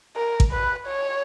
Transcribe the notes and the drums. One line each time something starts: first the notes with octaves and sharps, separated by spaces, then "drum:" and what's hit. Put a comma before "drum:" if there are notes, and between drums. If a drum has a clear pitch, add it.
A#4
drum: kick A1
B4
C#5